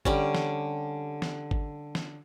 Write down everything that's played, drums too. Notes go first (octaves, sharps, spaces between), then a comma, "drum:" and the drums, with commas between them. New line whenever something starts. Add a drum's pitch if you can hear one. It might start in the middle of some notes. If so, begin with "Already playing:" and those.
D3 G3 C#4, drum: kick G#1
drum: snare
drum: snare
drum: kick G#1
drum: snare